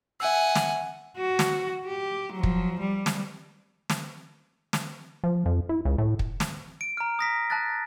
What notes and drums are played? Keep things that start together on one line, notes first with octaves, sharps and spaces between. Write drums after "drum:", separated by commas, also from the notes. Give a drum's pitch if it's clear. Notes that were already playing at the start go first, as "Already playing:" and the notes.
E5 F#5 G#5 E6
drum: snare
F#4
drum: snare
G4
F3 F#3
drum: kick
G3
drum: snare
drum: snare
drum: snare
F3
F2
E4
C#2
A2
drum: kick
drum: snare
D7
A#5 F6
D#6 A#6 B6
A5 F#6 A6